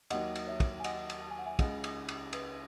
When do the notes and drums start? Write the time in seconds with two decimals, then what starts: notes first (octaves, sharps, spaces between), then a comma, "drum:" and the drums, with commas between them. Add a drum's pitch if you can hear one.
0.10 D#2 D#3 F#3 D#5 F#5, drum: cymbal
0.35 drum: cymbal
0.47 C#5 E5
0.60 drum: kick, cymbal
0.80 G#5
0.84 D#5 F#5, drum: cymbal
1.10 drum: cymbal
1.22 A5
1.30 G#5
1.39 F#5
1.46 E5 G#5
1.59 C#2 C#3 G#3 D#5 F#5, drum: kick, cymbal
1.84 drum: cymbal
2.09 drum: cymbal
2.33 B4 D#5, drum: cymbal